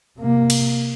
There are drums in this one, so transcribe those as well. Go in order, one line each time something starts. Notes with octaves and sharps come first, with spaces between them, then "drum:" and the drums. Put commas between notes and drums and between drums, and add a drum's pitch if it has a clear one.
C3 A#3
drum: cymbal